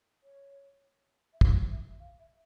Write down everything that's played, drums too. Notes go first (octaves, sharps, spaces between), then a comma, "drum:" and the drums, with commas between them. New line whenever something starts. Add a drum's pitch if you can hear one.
C#5
E5
F5, drum: kick
E5
F5
E5